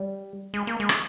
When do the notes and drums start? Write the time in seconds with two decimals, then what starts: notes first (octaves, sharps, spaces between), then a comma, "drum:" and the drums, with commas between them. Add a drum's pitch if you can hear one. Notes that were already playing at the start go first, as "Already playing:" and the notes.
Already playing: G3
0.54 G#3
0.67 A#3
0.80 G#3
0.89 drum: rim click